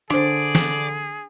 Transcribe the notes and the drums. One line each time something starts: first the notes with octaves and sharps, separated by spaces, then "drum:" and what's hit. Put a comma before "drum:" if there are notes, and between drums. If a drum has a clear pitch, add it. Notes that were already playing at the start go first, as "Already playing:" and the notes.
D3 D4 G#4 C5 D5, drum: rim click
drum: snare